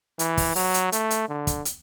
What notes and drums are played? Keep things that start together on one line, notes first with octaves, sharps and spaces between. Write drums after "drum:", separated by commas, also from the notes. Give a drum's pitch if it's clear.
E3, drum: hi-hat
drum: kick, open hi-hat
F#3, drum: open hi-hat
drum: hi-hat
A3, drum: hi-hat
drum: hi-hat
D3
drum: kick, hi-hat
drum: hi-hat